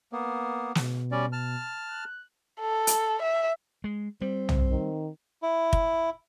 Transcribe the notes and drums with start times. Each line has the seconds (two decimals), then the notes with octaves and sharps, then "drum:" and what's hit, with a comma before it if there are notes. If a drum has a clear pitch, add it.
0.12 A#3 B3
0.75 B2, drum: snare
1.11 G3 C#4 D5
1.33 A5 F6
1.88 F#6
2.61 A4
2.87 drum: hi-hat
3.22 E5
3.84 G#3
4.21 G3 C4
4.49 drum: tom
4.70 D#3
5.42 E4
5.73 drum: kick